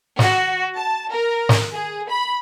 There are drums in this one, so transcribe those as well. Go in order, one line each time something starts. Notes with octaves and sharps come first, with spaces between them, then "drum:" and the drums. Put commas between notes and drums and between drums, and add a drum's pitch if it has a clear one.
F#4, drum: snare
A5
A#4
drum: snare
G#4
B5